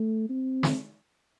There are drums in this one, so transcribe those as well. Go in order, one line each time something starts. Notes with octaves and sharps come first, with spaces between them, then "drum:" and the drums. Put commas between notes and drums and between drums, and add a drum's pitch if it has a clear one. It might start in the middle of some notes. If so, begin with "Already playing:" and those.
Already playing: A3
C4
drum: snare